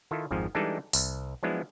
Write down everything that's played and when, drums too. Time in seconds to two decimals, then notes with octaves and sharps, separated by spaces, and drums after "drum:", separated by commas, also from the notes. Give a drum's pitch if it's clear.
0.11 D#3 E4 F4 A4
0.31 G#1 F2 G#2 F3
0.55 E3 G3 G#3 D4 D#4 A4
0.93 C2, drum: open hi-hat
1.43 F3 F#3 G#3 B3 D4 E4